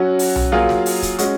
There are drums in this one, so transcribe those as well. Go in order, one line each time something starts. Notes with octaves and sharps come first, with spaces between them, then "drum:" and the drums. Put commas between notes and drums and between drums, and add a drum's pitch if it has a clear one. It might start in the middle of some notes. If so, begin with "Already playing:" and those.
Already playing: F#3 C#4 F#4
drum: open hi-hat
drum: tom B1
F#3 A#3 F4 G#4
drum: snare
drum: open hi-hat
drum: kick, hi-hat
G#3 C#4 F#4, drum: hi-hat